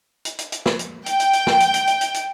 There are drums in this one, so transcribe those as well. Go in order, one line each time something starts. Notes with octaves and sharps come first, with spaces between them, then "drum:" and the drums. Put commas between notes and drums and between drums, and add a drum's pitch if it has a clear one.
drum: hi-hat
drum: hi-hat
drum: hi-hat
drum: snare
drum: hi-hat
G5, drum: hi-hat
drum: hi-hat
drum: hi-hat
drum: snare
drum: hi-hat
drum: hi-hat
drum: hi-hat
drum: hi-hat
drum: hi-hat